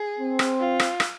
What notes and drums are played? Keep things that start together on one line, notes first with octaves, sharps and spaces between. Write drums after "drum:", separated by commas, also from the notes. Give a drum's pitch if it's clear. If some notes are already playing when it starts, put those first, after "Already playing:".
Already playing: G#4
C4
drum: rim click
F4
drum: rim click
drum: rim click